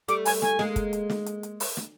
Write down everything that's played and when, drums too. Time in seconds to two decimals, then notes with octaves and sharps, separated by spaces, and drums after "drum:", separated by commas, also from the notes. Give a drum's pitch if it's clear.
0.08 G3 A3 D6, drum: hi-hat
0.25 G#5, drum: open hi-hat
0.42 G#5, drum: snare
0.59 G#3 A#3, drum: snare
0.76 drum: kick, hi-hat
0.93 drum: hi-hat
1.10 drum: snare
1.26 drum: hi-hat
1.43 drum: hi-hat
1.60 drum: open hi-hat
1.77 drum: snare